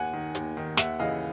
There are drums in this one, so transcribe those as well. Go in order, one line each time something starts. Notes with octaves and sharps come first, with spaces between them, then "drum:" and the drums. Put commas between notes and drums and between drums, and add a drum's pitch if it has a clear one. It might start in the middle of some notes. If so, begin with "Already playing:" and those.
Already playing: D#2 F#5 G#5
D#3
D#2, drum: hi-hat
D#3
D#2 E5 F#5, drum: snare
C#3 E3 D#5 F5